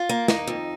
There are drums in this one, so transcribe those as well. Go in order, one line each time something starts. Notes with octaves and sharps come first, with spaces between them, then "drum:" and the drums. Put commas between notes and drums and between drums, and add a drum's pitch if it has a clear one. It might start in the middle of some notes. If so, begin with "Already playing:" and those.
Already playing: F4
A#3
D#4, drum: snare
F2